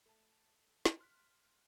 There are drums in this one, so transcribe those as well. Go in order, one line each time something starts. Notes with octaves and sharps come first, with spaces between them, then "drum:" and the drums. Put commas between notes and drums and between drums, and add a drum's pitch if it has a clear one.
A3 A5
drum: snare
C6 F6 F#6 B6